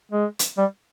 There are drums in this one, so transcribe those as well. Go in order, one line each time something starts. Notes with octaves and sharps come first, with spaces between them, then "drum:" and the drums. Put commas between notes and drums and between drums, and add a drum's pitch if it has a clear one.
G#3
drum: hi-hat
G3